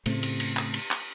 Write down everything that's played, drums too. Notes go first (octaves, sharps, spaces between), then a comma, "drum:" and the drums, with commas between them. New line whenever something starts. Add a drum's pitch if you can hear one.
A2 C#3 A3 C4, drum: cymbal
drum: cymbal
drum: cymbal
drum: clap
drum: cymbal
drum: clap